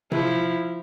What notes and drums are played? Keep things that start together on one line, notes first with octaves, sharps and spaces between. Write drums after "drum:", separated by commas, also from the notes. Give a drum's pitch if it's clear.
F3 E4, drum: tom C3